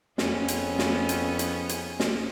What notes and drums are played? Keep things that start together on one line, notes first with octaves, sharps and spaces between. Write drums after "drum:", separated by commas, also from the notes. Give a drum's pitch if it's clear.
F2 B3 C#4, drum: snare
drum: hi-hat
drum: snare
drum: hi-hat
drum: hi-hat
drum: hi-hat
drum: snare